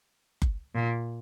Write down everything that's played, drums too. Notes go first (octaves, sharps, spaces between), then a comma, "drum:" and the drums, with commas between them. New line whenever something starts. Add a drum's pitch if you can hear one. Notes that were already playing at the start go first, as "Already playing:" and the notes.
drum: kick F#1
A#2